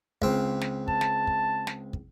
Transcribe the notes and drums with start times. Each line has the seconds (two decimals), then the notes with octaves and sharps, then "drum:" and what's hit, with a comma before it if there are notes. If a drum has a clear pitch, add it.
0.22 C#2 C4, drum: kick
0.61 drum: snare
0.88 A5, drum: kick
1.01 drum: snare
1.27 drum: kick
1.67 drum: snare
1.93 drum: kick